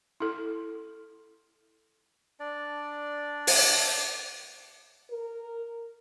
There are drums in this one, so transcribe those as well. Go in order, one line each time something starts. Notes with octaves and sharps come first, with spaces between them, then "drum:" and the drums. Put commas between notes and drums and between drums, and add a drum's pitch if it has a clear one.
E4 A4
D4 D5
drum: open hi-hat
A#4